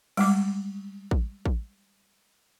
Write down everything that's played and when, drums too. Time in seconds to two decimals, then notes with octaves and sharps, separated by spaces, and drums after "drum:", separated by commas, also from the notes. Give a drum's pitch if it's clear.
0.17 G3 G#3 D6, drum: cymbal
1.11 drum: kick A1
1.46 drum: kick A1